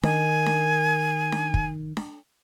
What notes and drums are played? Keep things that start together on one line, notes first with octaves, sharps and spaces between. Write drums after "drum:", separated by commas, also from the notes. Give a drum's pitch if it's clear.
D#3 G#5, drum: snare D4
drum: snare D4
drum: snare D4
drum: kick
drum: snare D4